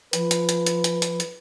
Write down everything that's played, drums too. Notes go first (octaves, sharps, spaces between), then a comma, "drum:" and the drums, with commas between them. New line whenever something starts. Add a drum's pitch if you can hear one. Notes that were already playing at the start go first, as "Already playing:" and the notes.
F3 B4, drum: hi-hat
drum: hi-hat
drum: hi-hat
drum: hi-hat
drum: hi-hat
drum: hi-hat
drum: hi-hat